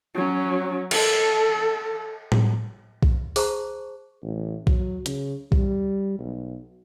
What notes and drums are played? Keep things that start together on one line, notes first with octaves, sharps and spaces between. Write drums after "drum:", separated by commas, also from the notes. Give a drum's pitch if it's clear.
F#3 C#4
A4, drum: cymbal
drum: tom A2
drum: kick B1
G#4 C5 A5 A#5 C#6, drum: open hi-hat
A1
F#3, drum: kick B1
C#3, drum: hi-hat
G3, drum: kick B1
B1